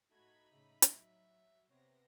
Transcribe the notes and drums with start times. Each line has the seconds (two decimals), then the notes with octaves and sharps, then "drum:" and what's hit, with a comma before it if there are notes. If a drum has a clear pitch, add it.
0.11 A2 A3 D#4 F#4 B5 G#6
0.52 A2 C#3 E5
0.82 F#3 E5, drum: hi-hat
1.71 C3 B3 C4 C#5 A#6